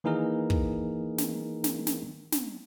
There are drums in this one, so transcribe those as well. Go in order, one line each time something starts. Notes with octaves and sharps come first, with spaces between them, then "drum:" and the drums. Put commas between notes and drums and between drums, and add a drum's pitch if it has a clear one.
D#3 E3 A#3 D#4 G#4 A#4
drum: kick
drum: snare
drum: snare
drum: snare
drum: snare